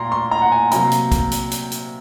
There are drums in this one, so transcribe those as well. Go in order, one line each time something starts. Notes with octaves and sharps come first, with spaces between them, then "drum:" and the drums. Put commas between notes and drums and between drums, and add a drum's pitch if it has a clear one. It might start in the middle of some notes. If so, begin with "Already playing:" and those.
Already playing: A#2 A#5 C6
C6
A#5
F#5
G#5
C3 F#3 A#3 A#5, drum: hi-hat
drum: hi-hat
drum: kick, hi-hat
drum: hi-hat
drum: hi-hat
drum: hi-hat